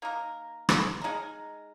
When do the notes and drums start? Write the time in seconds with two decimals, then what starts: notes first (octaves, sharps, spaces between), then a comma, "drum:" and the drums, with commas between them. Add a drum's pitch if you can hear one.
0.02 A#3 D#4 A#4
0.69 drum: rim click
1.01 G#3 D#4 A#4